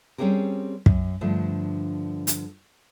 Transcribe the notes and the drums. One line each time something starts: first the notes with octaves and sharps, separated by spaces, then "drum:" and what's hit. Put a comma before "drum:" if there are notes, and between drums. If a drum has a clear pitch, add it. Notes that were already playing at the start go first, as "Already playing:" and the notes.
G3 C4 C#4 G4 G#4 A#4
F#2, drum: kick
G2 D3 F3 A3
drum: hi-hat